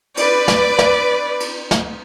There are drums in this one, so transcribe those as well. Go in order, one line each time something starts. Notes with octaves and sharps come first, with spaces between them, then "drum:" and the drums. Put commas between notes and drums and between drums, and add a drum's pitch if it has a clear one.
B4 D5, drum: cymbal
drum: snare
drum: snare
drum: cymbal
drum: snare